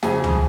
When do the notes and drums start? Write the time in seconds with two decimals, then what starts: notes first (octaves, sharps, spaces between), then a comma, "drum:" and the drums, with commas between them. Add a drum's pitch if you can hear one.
0.03 F2 C#3 G#4 G#5, drum: snare
0.24 drum: tom C#2